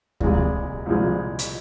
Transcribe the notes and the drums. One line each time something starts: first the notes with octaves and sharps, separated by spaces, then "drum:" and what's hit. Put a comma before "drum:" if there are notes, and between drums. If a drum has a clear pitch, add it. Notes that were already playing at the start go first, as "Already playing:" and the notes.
C2 A#2 F3 G#3, drum: kick D2
C2 A#2 F3 G#3
drum: hi-hat